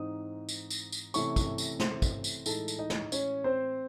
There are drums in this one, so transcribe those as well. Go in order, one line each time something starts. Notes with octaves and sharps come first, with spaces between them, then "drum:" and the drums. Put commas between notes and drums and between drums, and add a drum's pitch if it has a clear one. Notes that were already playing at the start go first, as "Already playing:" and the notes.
Already playing: G#2 E3 C4 D#4 D#5 D#6
drum: tambourine
drum: tambourine
drum: tambourine
C3 E3 A3 C#4 C#5 C#6, drum: tambourine
drum: kick, tambourine
drum: tambourine
C5 C6, drum: snare
drum: kick, tambourine
drum: tambourine
A2 E3 G#3 D#4 A4 A5, drum: tambourine
drum: tambourine
D#4 D#5
drum: snare
C#4 C#5, drum: tambourine
C4 C5